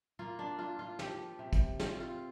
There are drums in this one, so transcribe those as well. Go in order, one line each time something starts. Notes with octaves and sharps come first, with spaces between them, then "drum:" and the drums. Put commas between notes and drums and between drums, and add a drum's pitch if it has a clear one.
A#3 F4
D4
D4 F4
F4
F3 G4, drum: snare
C3
drum: kick, hi-hat
C4 F4, drum: snare
F4